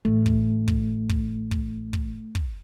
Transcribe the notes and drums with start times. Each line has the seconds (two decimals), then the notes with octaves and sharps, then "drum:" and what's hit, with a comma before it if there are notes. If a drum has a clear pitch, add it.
0.05 A1 A3
0.26 drum: kick
0.68 drum: kick
1.09 drum: kick
1.51 drum: kick
1.93 drum: kick
2.35 drum: kick